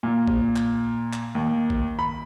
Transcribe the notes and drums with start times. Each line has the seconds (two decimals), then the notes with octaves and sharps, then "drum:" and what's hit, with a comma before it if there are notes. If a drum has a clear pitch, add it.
0.03 A#2
0.28 drum: kick
0.56 drum: clap
1.13 drum: clap
1.35 D#2
1.70 drum: kick
1.99 B5